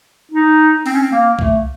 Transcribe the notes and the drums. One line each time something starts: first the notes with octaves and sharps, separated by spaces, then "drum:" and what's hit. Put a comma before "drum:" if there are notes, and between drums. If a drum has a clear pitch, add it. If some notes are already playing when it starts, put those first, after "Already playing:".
D#4
C4, drum: open hi-hat
C#4
C4
A#3
A3, drum: kick C2